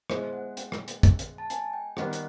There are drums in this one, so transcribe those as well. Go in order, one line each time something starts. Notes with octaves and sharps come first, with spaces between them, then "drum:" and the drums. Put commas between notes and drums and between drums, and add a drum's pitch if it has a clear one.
G#3 B3 E4 C5, drum: rim click
F#5
G5, drum: hi-hat
drum: rim click
drum: hi-hat
drum: kick, hi-hat
drum: hi-hat
A5
G#5, drum: hi-hat
G5
D#3 G3 B3 F#5, drum: rim click
drum: hi-hat